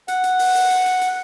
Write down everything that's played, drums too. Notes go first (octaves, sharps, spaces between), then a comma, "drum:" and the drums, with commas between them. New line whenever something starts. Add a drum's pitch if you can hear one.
F#5, drum: hi-hat
drum: hi-hat
drum: open hi-hat
drum: open hi-hat
drum: hi-hat
drum: hi-hat
drum: hi-hat